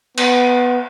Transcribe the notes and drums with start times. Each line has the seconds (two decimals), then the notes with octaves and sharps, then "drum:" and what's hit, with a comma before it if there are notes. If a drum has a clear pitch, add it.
0.17 B3, drum: cymbal